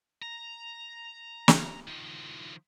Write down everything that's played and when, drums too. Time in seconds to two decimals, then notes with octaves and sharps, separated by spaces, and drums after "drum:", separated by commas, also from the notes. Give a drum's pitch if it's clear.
0.22 A#5
1.48 drum: snare
1.88 D#3 F3